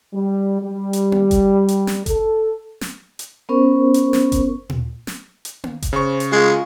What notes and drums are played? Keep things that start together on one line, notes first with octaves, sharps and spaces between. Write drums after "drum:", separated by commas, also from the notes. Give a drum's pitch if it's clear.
G3
G3
drum: hi-hat
drum: tom A#3
drum: kick F#1, hi-hat
drum: hi-hat
drum: snare
A4, drum: kick F#1, hi-hat
drum: snare
drum: hi-hat
B3 C#4 A#4 C5 C#6
drum: hi-hat
drum: snare
drum: kick F#1, hi-hat
drum: tom A#2
drum: snare
drum: hi-hat
drum: tom A#3
drum: kick F#1, hi-hat
C#3 C5 C#6
drum: hi-hat
G#3 F4